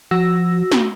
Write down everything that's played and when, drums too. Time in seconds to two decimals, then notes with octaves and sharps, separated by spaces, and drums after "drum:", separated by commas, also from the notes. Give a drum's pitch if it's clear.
0.11 F3 F#4 E6 A#6
0.72 drum: snare